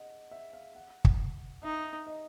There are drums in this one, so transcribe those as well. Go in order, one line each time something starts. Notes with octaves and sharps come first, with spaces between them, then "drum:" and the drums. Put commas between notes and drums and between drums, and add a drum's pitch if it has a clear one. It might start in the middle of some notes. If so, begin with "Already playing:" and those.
Already playing: D#5 F#5
E5
F5
F#5
drum: kick
D#4 E5
D#5